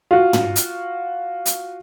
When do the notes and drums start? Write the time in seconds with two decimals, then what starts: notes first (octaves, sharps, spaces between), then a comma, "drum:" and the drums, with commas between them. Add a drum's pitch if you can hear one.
0.11 F4 F#4
0.33 drum: tom
0.56 drum: hi-hat
1.46 drum: hi-hat